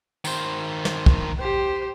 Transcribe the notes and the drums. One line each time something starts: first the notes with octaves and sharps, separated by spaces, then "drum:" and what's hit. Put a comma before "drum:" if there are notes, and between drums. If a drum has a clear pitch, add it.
D#3 C5, drum: tambourine
drum: snare
drum: kick
G4 C5